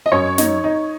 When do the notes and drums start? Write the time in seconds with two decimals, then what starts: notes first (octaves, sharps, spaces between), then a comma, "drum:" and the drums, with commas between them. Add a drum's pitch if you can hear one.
0.06 D#5
0.12 F#2 C#5
0.38 D#4, drum: snare
0.64 D#4